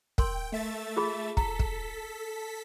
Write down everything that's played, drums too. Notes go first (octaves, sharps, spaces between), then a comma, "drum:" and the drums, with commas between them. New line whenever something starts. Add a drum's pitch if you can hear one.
A#4 G5 C6, drum: kick
A3 E5 A6
F4 G#4 B5
A4 A#5 B6, drum: kick
drum: kick